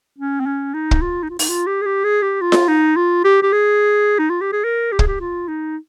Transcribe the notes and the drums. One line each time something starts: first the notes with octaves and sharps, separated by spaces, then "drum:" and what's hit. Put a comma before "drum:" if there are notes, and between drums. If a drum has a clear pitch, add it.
C#4
C4
C#4
D#4
drum: kick
F4
D#4
F4
D#4, drum: open hi-hat
F4
G4
G#4
G4
G#4
G4
F4
drum: snare F4
D#4
F4
G4
G4
G#4
D#4
F4
G4
G#4
A#4
G4
G#4, drum: kick
G4
F4
D#4